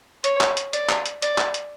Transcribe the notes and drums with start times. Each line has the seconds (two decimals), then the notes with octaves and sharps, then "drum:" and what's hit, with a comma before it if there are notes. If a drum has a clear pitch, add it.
0.24 C#5, drum: hi-hat
0.41 drum: clap
0.57 drum: hi-hat
0.73 D5, drum: hi-hat
0.89 drum: clap
1.06 drum: hi-hat
1.22 D5, drum: hi-hat
1.38 drum: clap
1.54 drum: hi-hat